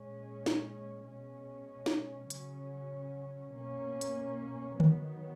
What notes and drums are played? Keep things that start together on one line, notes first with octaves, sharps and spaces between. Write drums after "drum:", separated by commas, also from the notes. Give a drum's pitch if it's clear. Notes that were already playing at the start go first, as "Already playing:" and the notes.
Already playing: A#2 G#3 C#4
drum: snare
B2 G#3 C#4
drum: snare
C#3 F#3 C#4, drum: hi-hat
B2 A#3 C#4
drum: hi-hat
D#3 F#3 B3, drum: tom D3